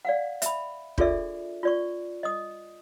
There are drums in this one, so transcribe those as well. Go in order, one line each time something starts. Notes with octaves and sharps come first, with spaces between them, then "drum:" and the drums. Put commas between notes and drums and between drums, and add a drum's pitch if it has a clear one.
D5 F5 F#5
E5 B5, drum: hi-hat
D4 F4 G#4 A4 D5 E5, drum: kick
F4 D5 C#6
D#5 D#6